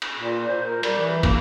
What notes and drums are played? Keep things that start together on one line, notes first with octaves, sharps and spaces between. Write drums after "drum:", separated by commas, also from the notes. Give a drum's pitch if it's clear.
drum: cymbal
A#2
C5
A#4
G3, drum: cymbal
E3
A#3, drum: kick, cymbal